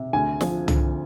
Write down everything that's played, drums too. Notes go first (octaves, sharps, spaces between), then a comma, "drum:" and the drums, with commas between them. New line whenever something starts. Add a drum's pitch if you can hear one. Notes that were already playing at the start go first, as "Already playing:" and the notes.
Already playing: C3
D2 G#5
F3, drum: snare
D3, drum: tom